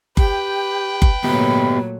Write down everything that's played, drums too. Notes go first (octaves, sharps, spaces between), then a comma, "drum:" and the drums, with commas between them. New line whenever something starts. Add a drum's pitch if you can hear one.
G4 B4 G5, drum: kick F#1
drum: kick F#1
A#2 F#3 A3 B3 G4 B5